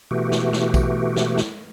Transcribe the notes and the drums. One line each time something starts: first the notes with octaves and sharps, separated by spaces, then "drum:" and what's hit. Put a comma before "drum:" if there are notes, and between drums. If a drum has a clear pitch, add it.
B2 E3 A3 F#4 G4
drum: snare
drum: snare
drum: kick A#1, tambourine
drum: snare
drum: snare